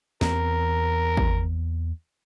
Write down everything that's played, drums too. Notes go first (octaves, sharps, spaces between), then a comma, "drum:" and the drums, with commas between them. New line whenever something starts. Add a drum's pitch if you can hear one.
E2 C4 A#4, drum: snare
drum: kick